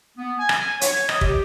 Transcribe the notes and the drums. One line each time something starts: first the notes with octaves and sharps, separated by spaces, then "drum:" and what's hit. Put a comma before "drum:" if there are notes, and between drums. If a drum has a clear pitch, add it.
B3
G#5
drum: rim click
G#5
C#5, drum: hi-hat
D#5, drum: rim click
G4, drum: kick